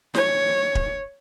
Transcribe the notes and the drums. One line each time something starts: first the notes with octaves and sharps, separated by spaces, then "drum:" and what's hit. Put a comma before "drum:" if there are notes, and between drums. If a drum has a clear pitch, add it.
C#5, drum: snare
drum: kick